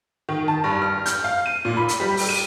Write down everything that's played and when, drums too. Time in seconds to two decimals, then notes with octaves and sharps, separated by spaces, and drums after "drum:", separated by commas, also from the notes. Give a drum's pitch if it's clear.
0.29 D#3
0.48 A5
0.64 G2
0.82 F6
1.06 G6, drum: hi-hat
1.24 F5
1.46 D#7
1.65 A#2
1.77 B5
1.88 drum: hi-hat
2.00 G3
2.17 drum: open hi-hat
2.29 D#7